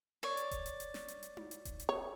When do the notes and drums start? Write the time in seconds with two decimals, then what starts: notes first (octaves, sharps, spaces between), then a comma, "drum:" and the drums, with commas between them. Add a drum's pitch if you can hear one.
0.23 C#5 D5
0.37 drum: hi-hat
0.51 drum: kick E1, hi-hat
0.66 drum: hi-hat
0.80 drum: hi-hat
0.94 drum: snare
1.08 drum: hi-hat
1.23 drum: hi-hat
1.37 drum: tom D#4
1.51 drum: hi-hat
1.65 drum: kick E1, hi-hat
1.80 drum: hi-hat
1.89 C#5